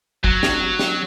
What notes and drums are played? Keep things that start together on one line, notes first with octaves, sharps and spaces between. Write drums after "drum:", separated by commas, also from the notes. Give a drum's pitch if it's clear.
F#3, drum: kick
drum: snare
drum: snare